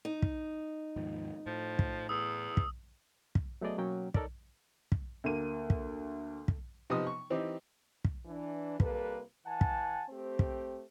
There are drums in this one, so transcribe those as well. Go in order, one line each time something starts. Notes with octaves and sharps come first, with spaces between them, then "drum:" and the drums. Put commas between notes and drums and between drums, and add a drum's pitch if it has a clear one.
D#4
drum: kick
D#2 G#2 F3
A2 F3
drum: kick
E2 D#6 E6
drum: kick
drum: kick
F#3 A3 B3 G#4 D5 D#5
B2 F#3 A#3 C#4 G5
D#4 A4 A#4 C#5 D5, drum: kick
drum: kick
D2 A#3 D#7
drum: kick
drum: kick
C3 F3 B3 D#4 D#6
C#6
E3 C4 D#4 G4
drum: kick
E3 D4
C2 G3 A#3 A4 B4, drum: kick
E3 F#5 G#5 A5
drum: kick
A3 C4 G4 C5
drum: kick